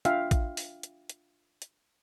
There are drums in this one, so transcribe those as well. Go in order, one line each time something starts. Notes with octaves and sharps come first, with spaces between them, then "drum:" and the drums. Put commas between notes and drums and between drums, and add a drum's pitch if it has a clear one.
D4 F4 E5 F5 G5, drum: hi-hat
drum: kick A1, hi-hat
drum: open hi-hat
drum: hi-hat
drum: hi-hat
drum: hi-hat